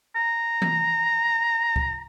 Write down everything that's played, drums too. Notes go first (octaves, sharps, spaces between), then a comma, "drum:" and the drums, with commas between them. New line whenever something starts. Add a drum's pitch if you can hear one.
A#5
drum: tom E3
drum: kick C#2